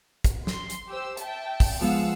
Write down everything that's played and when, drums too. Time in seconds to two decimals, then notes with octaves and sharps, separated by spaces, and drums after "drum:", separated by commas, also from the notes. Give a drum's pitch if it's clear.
0.24 drum: kick, hi-hat
0.47 C6, drum: snare
0.70 drum: hi-hat
0.88 G4 C5 E6
1.17 E5 G5 A5, drum: hi-hat
1.60 drum: kick, open hi-hat
1.81 F3 G#3 B3 F5 F#5 E6